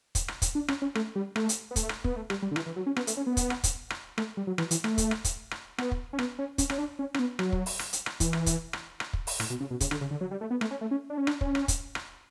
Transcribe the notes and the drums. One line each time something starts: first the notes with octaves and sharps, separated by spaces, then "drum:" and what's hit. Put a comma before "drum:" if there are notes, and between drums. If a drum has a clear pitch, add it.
drum: kick, hi-hat
drum: rim click
drum: kick, hi-hat
D4
C#4, drum: rim click
C#4
A3, drum: rim click
G3
A3, drum: rim click
drum: hi-hat
B3
A3, drum: kick, hi-hat
drum: rim click
B3, drum: kick
A3
G3, drum: rim click
G3
D3
E3, drum: rim click
E3
F#3
C#4
B3, drum: rim click
A3, drum: hi-hat
C#4
B3
drum: kick, hi-hat
drum: rim click
drum: kick, hi-hat
drum: rim click
A3, drum: rim click
G3
F#3
E3, drum: rim click
E3, drum: hi-hat
A3, drum: rim click
drum: kick, hi-hat
drum: rim click
drum: kick, hi-hat
drum: rim click
B3, drum: rim click
drum: kick
C#4
B3, drum: rim click
C#4
C#4, drum: kick, hi-hat
C#4, drum: rim click
D4
C#4
C#4, drum: rim click
B3
F#3, drum: rim click
drum: kick
drum: open hi-hat
drum: rim click
drum: hi-hat
drum: rim click
E3, drum: kick, hi-hat
drum: rim click
drum: kick, hi-hat
drum: rim click
drum: rim click
drum: kick
drum: open hi-hat
A2, drum: rim click
B2
C#3
B2
C#3, drum: kick, hi-hat
D3, drum: rim click
C#3
D3
F#3
G3
A3
B3
A3, drum: rim click
C#4
A3
C#4
D4
C#4
D4, drum: rim click
C#4, drum: kick
drum: rim click
drum: kick, hi-hat
drum: rim click